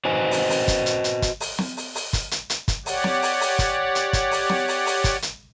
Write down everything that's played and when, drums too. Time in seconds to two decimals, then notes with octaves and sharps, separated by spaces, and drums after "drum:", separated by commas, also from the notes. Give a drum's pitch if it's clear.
0.05 F#4 B4 C5 D#5 G#5
0.31 drum: open hi-hat
0.50 drum: open hi-hat
0.68 drum: kick, hi-hat
0.86 drum: hi-hat
1.04 drum: hi-hat
1.22 drum: kick, hi-hat
1.40 drum: open hi-hat
1.59 drum: snare
1.77 drum: open hi-hat
1.95 drum: open hi-hat
2.13 drum: kick, hi-hat
2.31 drum: hi-hat
2.50 drum: hi-hat
2.68 drum: kick, hi-hat
2.86 G4 C#5 D5 F#5, drum: open hi-hat
3.04 drum: snare
3.22 drum: open hi-hat
3.41 drum: open hi-hat
3.59 drum: kick, hi-hat
3.95 drum: hi-hat
4.13 drum: kick, hi-hat
4.31 drum: open hi-hat
4.50 drum: snare
4.68 drum: open hi-hat
4.86 drum: open hi-hat
5.04 drum: kick, hi-hat
5.22 drum: hi-hat